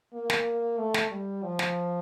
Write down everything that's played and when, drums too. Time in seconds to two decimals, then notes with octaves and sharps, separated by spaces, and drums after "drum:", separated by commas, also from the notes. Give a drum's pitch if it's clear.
0.14 A#3
0.30 drum: snare
0.78 A3
0.94 drum: snare
1.10 G3
1.43 F3
1.59 drum: snare